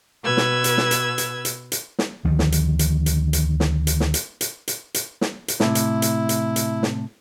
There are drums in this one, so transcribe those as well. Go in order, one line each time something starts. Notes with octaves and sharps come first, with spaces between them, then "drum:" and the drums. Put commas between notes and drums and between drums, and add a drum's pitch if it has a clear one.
B2 B4 E6 G#6
drum: snare
drum: hi-hat
drum: snare
drum: hi-hat
drum: hi-hat
drum: hi-hat
drum: hi-hat
drum: snare
D2 D#3 F3
drum: snare
drum: hi-hat
drum: hi-hat
drum: hi-hat
drum: hi-hat
drum: snare
drum: hi-hat
drum: snare
drum: hi-hat
drum: hi-hat
drum: hi-hat
drum: hi-hat
drum: snare
drum: hi-hat
A2 C3 E4, drum: snare
drum: hi-hat
drum: hi-hat
drum: hi-hat
drum: hi-hat
drum: snare